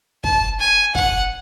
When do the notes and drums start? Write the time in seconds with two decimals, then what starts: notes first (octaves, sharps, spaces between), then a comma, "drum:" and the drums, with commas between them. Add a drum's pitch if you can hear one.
0.24 A5, drum: kick
0.60 G#5
0.95 F#5, drum: kick